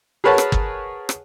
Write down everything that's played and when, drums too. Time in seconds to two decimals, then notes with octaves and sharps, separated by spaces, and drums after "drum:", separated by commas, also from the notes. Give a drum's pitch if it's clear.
0.24 G#4 A#4 B4 C#5 F#5 A5
0.38 drum: rim click
0.52 drum: kick
1.09 drum: rim click